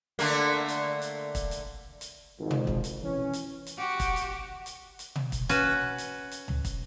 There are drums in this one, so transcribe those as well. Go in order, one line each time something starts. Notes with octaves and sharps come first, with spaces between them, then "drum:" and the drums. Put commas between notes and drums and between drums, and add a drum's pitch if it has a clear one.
D3 A3 A#3, drum: hi-hat
drum: hi-hat
drum: hi-hat
drum: kick, hi-hat
drum: hi-hat
drum: hi-hat
G#1 F2
drum: tom
drum: kick
drum: hi-hat
E3 C#4
drum: hi-hat
drum: hi-hat
F#4 G4
drum: kick, hi-hat
drum: hi-hat
drum: hi-hat
drum: hi-hat
drum: tom
drum: kick, hi-hat
C#4 F#4 B4, drum: hi-hat
drum: hi-hat
drum: hi-hat
drum: tom C#2
drum: kick, hi-hat